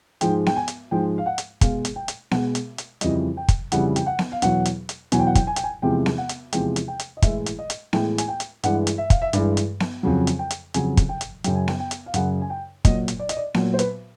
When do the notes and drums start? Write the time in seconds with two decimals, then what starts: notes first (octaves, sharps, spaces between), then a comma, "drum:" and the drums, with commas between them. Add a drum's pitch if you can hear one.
0.21 G#2 F3 G#3 G5, drum: hi-hat
0.46 G5, drum: snare B3
0.56 G#5
0.68 drum: hi-hat
0.91 G#2 F3 G#3 G5
1.18 F5
1.26 F#5
1.38 drum: hi-hat
1.61 B2 G#3 F5, drum: kick, hi-hat
1.85 drum: hi-hat
1.96 G5
2.08 drum: hi-hat
2.31 B2 G#3 F#5, drum: snare B3
2.55 drum: hi-hat
2.78 drum: hi-hat
3.01 F2 C#3 E3 G3 D#5, drum: hi-hat
3.37 G5
3.48 drum: kick, hi-hat
3.72 F2 C#3 E3 G3 F#5, drum: hi-hat
3.96 G5, drum: hi-hat
4.06 F#5
4.19 drum: snare B3
4.32 F5
4.42 E2 B2 F#3 F#5, drum: hi-hat
4.65 drum: hi-hat
4.89 drum: hi-hat
5.12 E2 B2 F#3 G#5, drum: hi-hat
5.20 G5
5.27 F#5
5.35 G5, drum: kick, hi-hat
5.47 G#5
5.56 G5, drum: hi-hat
5.64 G#5
5.82 E2 C3 F3 G#3 G5
6.06 drum: snare B3
6.18 F#5
6.29 drum: hi-hat
6.53 E2 C3 F3 G#3 G5, drum: hi-hat
6.76 drum: hi-hat
6.88 G5
6.99 drum: hi-hat
7.17 D#5
7.22 A2 E3 G#3 E5, drum: kick, hi-hat
7.46 drum: hi-hat
7.59 D#5
7.70 drum: hi-hat
7.93 A2 E3 G#3 G5, drum: snare B3
8.18 G#5, drum: hi-hat
8.28 G5
8.40 drum: hi-hat
8.63 G2 E3 G#3 F#5, drum: hi-hat
8.87 drum: hi-hat
8.98 E5
9.10 F5, drum: kick, hi-hat
9.22 E5
9.33 G2 E3 G#3, drum: hi-hat
9.57 drum: hi-hat
9.80 drum: snare B3
10.03 F2 C#3 F#3
10.27 drum: hi-hat
10.39 G5
10.51 drum: hi-hat
10.74 F2 C#3 F#3 G#5, drum: hi-hat
10.97 drum: kick, hi-hat
11.09 G5
11.21 drum: hi-hat
11.44 F#2 C#3 F#3 G5, drum: hi-hat
11.55 G#5
11.68 G5, drum: snare B3
11.80 G5
11.91 drum: hi-hat
12.06 F5
12.14 F#2 C#3 F#3 F#5, drum: hi-hat
12.41 G#5
12.50 G5
12.85 A#2 F#3 D#5, drum: kick, hi-hat
13.08 drum: hi-hat
13.19 D5
13.29 D#5, drum: hi-hat
13.37 D5
13.54 A#2 F#3, drum: snare B3
13.74 C5
13.79 B4, drum: hi-hat